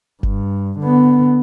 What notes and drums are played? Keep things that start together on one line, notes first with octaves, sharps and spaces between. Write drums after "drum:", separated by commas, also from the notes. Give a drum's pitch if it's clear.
G2, drum: kick F#1
D3 B3